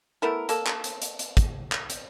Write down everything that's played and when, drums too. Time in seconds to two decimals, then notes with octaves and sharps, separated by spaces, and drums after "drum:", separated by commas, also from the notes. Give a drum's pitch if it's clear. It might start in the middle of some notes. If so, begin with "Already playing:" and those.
0.22 A3 B3 E4 A#4
0.49 A#3 A4, drum: hi-hat
0.66 drum: clap
0.84 drum: hi-hat
1.02 drum: hi-hat
1.19 drum: hi-hat
1.37 drum: kick, hi-hat
1.72 drum: clap
1.90 drum: hi-hat